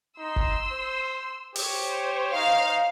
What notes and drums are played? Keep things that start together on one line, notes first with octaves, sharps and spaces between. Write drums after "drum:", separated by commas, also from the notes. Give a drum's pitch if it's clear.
D#4 C6 E6
drum: kick F#1
C5
G4 C5 C#5, drum: open hi-hat
D#4 F5